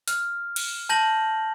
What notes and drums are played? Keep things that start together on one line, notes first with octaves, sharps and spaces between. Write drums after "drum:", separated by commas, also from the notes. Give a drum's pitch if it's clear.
F6, drum: hi-hat
drum: cymbal
A5 G6 A#6 F#7